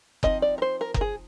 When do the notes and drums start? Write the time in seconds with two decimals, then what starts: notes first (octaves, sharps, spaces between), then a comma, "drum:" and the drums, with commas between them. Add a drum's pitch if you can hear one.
0.23 F3 C4 D#4 D#5, drum: kick F#1
0.42 D5
0.58 A#4
0.62 C5
0.81 A#4
0.94 A#4, drum: kick F#1
1.01 G#4